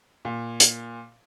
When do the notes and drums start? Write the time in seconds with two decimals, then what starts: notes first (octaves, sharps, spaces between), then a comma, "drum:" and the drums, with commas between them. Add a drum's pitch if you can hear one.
0.25 A#2
0.60 drum: hi-hat